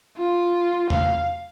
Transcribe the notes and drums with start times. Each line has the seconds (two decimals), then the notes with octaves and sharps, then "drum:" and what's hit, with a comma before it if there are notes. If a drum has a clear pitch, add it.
0.18 F4
0.90 F5, drum: tom E2